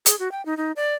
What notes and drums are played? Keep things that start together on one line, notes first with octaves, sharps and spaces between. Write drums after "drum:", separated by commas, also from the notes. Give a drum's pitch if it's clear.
G#4, drum: hi-hat
F#4
G5
D#4
D#4
D5